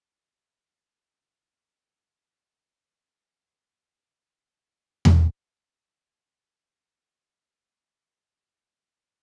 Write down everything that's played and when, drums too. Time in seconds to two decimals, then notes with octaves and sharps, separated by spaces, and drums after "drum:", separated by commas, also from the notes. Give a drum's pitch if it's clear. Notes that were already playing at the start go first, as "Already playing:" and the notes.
0.08 C#4 D#4 A4 C5
2.73 A#1 A#2 D5 F5
3.15 C3 C#4 G#4 D#5 B5
3.37 D3 A#3 D4 F4 D5 G5 A#5 B5
4.40 D#3 B6
5.05 drum: tom E2
8.08 F#4 A#4